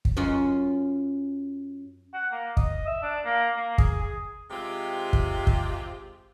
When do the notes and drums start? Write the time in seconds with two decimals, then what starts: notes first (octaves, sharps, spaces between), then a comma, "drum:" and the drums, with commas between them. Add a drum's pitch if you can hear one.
0.05 drum: kick
0.17 F#2 C#4 F4
2.14 F#5
2.32 A#3
2.57 D#5, drum: kick
2.87 E5
3.03 D4
3.25 A#3
3.57 A#3
3.78 G#4, drum: kick
4.01 G#4
4.51 C3 G#3 C4 F4 G4
5.13 drum: kick
5.47 drum: kick